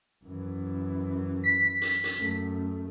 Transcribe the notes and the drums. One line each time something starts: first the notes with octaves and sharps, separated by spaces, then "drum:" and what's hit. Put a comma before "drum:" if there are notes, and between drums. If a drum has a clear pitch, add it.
F#2 E3
B6
drum: hi-hat
drum: hi-hat
F#2 A3